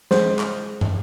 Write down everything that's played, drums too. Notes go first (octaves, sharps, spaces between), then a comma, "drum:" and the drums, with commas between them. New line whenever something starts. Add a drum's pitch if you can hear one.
G#3 C5, drum: snare
drum: clap
drum: tom